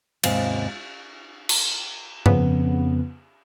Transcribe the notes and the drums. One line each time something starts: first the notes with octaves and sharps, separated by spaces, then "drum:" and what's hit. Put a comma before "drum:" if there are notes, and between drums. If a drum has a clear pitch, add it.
D#2 G#2 C3 F5, drum: cymbal
drum: cymbal
F2 C#3 B3, drum: tom G2